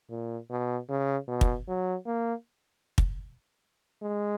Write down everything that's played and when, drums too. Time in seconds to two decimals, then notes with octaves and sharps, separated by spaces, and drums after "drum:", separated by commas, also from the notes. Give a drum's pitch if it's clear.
0.10 A#2
0.50 B2
0.89 C#3
1.28 B2
1.41 drum: kick
1.68 F#3
2.06 A#3
2.98 drum: kick
4.02 G#3